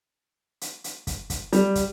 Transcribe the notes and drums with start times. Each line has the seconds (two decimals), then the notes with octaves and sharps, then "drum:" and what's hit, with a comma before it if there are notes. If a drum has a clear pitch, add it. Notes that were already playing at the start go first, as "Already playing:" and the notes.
0.61 drum: hi-hat
0.84 drum: hi-hat
1.07 drum: kick, hi-hat
1.30 drum: kick, hi-hat
1.53 G3, drum: hi-hat
1.75 drum: kick, hi-hat